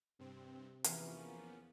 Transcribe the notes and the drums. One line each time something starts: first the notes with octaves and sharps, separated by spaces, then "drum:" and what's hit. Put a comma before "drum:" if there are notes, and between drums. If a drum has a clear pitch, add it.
G2 C3 C4
E2 F3 A#3 B3 C#4 E4 F5, drum: hi-hat